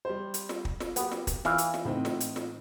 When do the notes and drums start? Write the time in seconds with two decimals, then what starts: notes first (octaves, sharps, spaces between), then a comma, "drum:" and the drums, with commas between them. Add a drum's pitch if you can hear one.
0.05 G3 C5
0.34 drum: hi-hat
0.49 drum: snare
0.65 drum: kick
0.80 drum: snare
0.96 F#3 A#3 B3 G4, drum: hi-hat
1.12 drum: snare
1.27 drum: kick, hi-hat
1.45 E3 F5, drum: snare
1.58 drum: hi-hat
1.74 drum: snare
1.85 A2 C4 D#4
2.05 drum: snare
2.20 drum: hi-hat
2.36 drum: snare